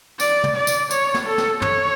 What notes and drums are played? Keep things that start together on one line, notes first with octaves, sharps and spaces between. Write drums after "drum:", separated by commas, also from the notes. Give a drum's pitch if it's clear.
D5, drum: tambourine
drum: tom
D5
drum: tambourine
C#5, drum: tambourine
drum: snare
A4
drum: snare
C#5, drum: tom